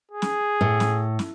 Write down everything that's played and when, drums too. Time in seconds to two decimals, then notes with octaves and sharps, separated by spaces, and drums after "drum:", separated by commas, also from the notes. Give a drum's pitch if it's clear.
0.12 G#4
0.22 drum: snare
0.61 A2
0.80 drum: snare
1.19 drum: snare